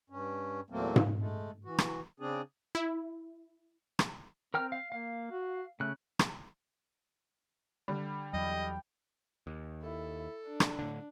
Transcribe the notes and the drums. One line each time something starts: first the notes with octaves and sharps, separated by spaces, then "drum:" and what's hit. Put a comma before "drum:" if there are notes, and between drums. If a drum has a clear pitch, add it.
G2 C#4
E2 A#2 F#3 A3 A#3 C4
drum: tom G#2
G#3 A3
E3 F#4
drum: rim click
C#3 C4 D4 G#4
E4
drum: rim click
C4 A#4 G5 F6
F5
A#3 F5
F#4
C#3 A3 F#6
drum: rim click
D3 G3
E2 F#3 D#5 G5
D#2
E4 A4
D4
drum: rim click
A2 D3